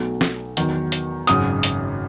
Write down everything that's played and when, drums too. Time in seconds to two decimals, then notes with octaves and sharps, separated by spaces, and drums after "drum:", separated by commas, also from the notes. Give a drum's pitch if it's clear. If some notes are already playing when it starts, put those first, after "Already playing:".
Already playing: B1 B2 F#3 A3
0.21 drum: snare
0.57 E2 D#3 F#3, drum: hi-hat
0.92 drum: hi-hat
1.27 G#1 F#2 C#3 D#6, drum: hi-hat
1.63 drum: hi-hat